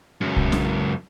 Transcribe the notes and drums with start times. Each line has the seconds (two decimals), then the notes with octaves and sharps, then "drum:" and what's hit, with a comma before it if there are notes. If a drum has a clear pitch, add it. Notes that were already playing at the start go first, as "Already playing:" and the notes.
0.21 C#2 F#2
0.37 drum: kick
0.52 drum: snare